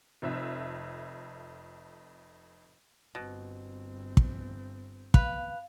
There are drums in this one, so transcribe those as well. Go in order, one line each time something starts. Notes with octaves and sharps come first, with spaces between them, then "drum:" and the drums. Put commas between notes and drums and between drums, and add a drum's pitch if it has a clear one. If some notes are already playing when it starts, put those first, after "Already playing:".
F1 F2 E5
G1 B2 C4
drum: kick
B4 F5, drum: kick